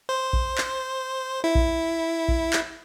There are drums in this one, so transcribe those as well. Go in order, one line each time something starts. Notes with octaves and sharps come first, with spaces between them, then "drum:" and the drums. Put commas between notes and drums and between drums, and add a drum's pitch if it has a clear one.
C5
drum: kick A#1
drum: clap
E4
drum: kick A#1
drum: kick A#1
drum: clap